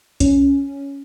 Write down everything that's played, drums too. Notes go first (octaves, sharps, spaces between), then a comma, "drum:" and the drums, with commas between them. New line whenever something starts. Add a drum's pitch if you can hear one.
C#4, drum: kick B1, hi-hat